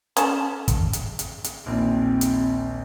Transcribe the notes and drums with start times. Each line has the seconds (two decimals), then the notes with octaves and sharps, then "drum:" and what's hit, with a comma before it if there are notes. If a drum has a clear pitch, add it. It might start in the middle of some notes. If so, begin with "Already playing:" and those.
0.17 C#4 A4 A5, drum: hi-hat
0.68 drum: kick, hi-hat
0.93 drum: hi-hat
1.19 drum: hi-hat
1.44 drum: hi-hat
1.66 A#1 D#2 C4
2.21 drum: hi-hat